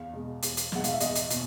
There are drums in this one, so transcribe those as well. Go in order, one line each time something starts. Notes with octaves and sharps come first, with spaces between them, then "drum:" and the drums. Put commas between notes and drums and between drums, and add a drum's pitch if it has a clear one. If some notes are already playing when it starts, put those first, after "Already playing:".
Already playing: E2 F5
B2 G#3
E2, drum: hi-hat
drum: hi-hat
B2 G#3 F#5, drum: snare
F5, drum: hi-hat
E5
E2 D#5, drum: hi-hat
drum: hi-hat
B2, drum: hi-hat